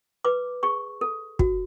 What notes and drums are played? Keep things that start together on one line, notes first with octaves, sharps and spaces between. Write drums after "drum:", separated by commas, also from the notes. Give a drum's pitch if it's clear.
B4 D6
G#4 C#6
A4
F#4, drum: kick